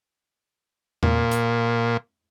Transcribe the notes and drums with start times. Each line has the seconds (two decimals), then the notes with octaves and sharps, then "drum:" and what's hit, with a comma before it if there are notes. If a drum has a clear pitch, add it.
1.03 A#2, drum: tom E2
1.31 drum: hi-hat